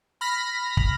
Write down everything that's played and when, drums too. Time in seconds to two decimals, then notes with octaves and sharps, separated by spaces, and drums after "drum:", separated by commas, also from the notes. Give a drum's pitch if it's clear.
0.21 B5 F6 A#6
0.77 drum: kick